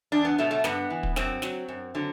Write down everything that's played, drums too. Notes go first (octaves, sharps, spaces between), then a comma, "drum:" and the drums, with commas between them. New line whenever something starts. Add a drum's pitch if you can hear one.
E2 D4
B3
B2 F#3 A3
A3
G2 B3, drum: snare
E3
drum: kick
F#2 C4, drum: snare
F#3, drum: snare
F#2
D3 F#3